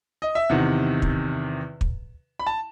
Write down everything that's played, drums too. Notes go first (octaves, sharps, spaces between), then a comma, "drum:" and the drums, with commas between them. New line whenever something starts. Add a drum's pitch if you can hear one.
D#5
E5
E2 C3 D#3 F#5
drum: kick
drum: kick
B5
A5